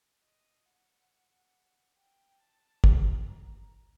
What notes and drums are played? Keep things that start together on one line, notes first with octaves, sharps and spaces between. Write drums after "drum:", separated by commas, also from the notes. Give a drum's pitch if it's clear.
D#5
F#5
G5
A5
A#5, drum: kick